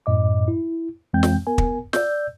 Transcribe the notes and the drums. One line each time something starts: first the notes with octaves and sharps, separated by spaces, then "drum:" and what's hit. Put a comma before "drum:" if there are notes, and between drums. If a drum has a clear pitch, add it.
F#2 A2 D#5 D6
E4
F2 E3 G#3 C4 G5 G6
drum: snare
B3 A#4 G#5
drum: kick
D5 E6 G6, drum: snare